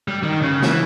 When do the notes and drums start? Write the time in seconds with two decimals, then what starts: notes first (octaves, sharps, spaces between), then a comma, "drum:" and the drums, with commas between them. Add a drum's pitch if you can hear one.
0.08 G3
0.23 D#3
0.42 C#3
0.62 E3, drum: snare